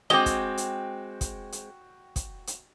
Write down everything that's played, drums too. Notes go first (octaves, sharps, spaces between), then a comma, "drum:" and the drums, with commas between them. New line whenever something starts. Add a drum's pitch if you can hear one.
G#3 C4 F#4 D#5 G5 D6 G7
drum: kick, hi-hat
drum: hi-hat
drum: kick, hi-hat
drum: hi-hat
drum: kick, hi-hat
drum: hi-hat